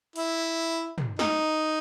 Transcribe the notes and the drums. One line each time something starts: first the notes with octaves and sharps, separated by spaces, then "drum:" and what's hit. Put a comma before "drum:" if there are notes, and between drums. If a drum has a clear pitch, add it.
E4, drum: open hi-hat
drum: tom
D#4, drum: snare